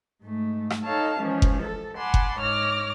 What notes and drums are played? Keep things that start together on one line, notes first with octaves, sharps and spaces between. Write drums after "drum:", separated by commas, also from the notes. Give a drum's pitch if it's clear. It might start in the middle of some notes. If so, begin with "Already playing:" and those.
G#2 A3
drum: rim click
D#4 A4 C#5 F5 A5
E3 F3 G#3 C#4
drum: kick F#1
A4
F#5 G#5 A5 B5 C6 D6
drum: kick F#1
G#2 C#5 D6 F6 A#6